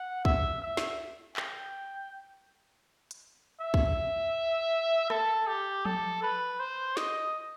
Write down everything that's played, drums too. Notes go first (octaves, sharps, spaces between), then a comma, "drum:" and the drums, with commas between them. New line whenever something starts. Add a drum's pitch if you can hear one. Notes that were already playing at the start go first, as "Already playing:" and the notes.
Already playing: F#5
E5, drum: kick
E5
drum: snare
G5, drum: clap
drum: hi-hat
E5
drum: kick
A4, drum: rim click
G4
A4, drum: tom F3
B4
C5
D#5, drum: snare